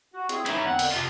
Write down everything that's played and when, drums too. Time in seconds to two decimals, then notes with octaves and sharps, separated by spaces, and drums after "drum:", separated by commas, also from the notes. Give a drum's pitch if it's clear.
0.13 F#4
0.29 C4 E4 G#4, drum: hi-hat
0.46 E3 G#3 C#4 D#4 E4, drum: hi-hat
0.66 E2 D3 C4 F#5
0.79 drum: open hi-hat
0.92 F2 C3 F4